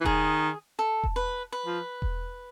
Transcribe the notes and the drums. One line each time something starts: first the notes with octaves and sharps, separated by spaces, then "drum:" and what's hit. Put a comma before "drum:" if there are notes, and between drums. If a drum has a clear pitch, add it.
E3
D#3 G#4, drum: kick E1
A4
drum: kick E1
B4
B4
F3
drum: kick E1